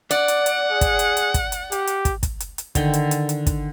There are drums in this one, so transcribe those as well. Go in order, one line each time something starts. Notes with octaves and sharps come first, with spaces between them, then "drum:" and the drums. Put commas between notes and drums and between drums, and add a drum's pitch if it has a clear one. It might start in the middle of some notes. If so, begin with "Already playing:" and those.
D5 F#5, drum: hi-hat
drum: hi-hat
drum: hi-hat
G#4
drum: kick, hi-hat
drum: hi-hat
drum: hi-hat
drum: kick, hi-hat
drum: hi-hat
G4, drum: hi-hat
drum: hi-hat
drum: kick, hi-hat
drum: kick, hi-hat
drum: hi-hat
drum: hi-hat
D3 D#3 G5, drum: kick, hi-hat
drum: hi-hat
drum: hi-hat
drum: hi-hat
drum: kick, hi-hat